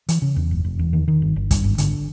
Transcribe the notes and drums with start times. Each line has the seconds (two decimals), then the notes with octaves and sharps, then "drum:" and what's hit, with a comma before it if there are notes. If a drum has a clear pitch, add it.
0.09 E3, drum: hi-hat
0.22 C#3
0.36 E2
0.51 F#1
0.64 F1
0.79 E2
0.93 D#3
1.08 D#3
1.22 G1
1.36 G1
1.51 G2, drum: kick, hi-hat
1.64 G#1
1.78 D3, drum: hi-hat